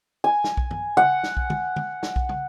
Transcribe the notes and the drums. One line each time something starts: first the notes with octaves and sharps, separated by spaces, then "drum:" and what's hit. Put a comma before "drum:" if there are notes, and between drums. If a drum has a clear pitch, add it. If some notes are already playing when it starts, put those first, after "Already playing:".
G#5
drum: snare
drum: kick B1
drum: tom
F#5, drum: tom
drum: snare
drum: kick B1
drum: tom
drum: tom
drum: snare
drum: kick B1
drum: tom